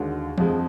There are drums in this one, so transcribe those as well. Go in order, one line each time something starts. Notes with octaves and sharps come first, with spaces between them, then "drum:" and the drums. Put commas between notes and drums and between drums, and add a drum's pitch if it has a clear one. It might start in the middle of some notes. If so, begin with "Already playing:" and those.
Already playing: D#2 D3 G#3 F#4
F2 F3 G#3, drum: tom E3